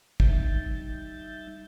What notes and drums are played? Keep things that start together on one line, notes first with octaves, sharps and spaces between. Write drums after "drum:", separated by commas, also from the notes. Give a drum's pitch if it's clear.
G3 D#4 E5 G6 A6, drum: kick